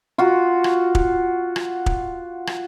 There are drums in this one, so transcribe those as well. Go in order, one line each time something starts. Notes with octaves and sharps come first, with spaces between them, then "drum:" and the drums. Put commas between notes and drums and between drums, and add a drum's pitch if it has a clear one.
F4 F#4
drum: rim click
drum: kick
drum: rim click
drum: kick
drum: rim click